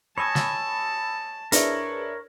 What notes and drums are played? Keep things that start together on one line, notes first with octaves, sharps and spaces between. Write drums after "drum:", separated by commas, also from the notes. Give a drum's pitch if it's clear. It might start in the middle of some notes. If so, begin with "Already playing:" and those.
C#5 D#5 G#5 A5 B5 E6 A6
drum: snare
D4 E4 G#4 A#4 B4 C#5, drum: hi-hat